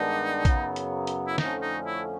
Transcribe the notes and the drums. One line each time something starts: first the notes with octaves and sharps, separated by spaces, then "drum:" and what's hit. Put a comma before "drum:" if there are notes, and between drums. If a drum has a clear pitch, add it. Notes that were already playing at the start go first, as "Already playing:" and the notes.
Already playing: G2 D#3 G#3 B3 D4 D#4
F#2 C#3 F#3 B3, drum: kick A#1, hi-hat
drum: hi-hat
drum: hi-hat
E4
F2 D3 F3 A3 C#4 D#4, drum: snare
D#4
E4